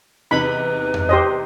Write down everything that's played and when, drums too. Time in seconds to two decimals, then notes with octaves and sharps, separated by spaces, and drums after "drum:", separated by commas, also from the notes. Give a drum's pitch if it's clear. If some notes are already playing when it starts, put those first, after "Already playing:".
0.31 E2 C3 D#4 B4 B5
0.94 drum: tom F2
1.09 G4 C5 D#5